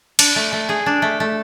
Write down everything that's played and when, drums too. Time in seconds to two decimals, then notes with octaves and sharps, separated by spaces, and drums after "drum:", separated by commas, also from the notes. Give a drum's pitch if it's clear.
0.19 D4, drum: cymbal
0.36 A3
0.53 A3
0.69 G#4
0.86 D4
1.02 A3
1.20 A3